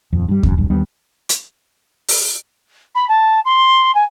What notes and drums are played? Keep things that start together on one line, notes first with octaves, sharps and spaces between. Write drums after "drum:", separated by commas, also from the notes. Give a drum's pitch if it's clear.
D#1 F2
G2 G3
F#1 F#2, drum: kick D#2
A#1 G2
D#2 G3 B3 D4
drum: hi-hat
drum: open hi-hat
B5
A5
C6
G#5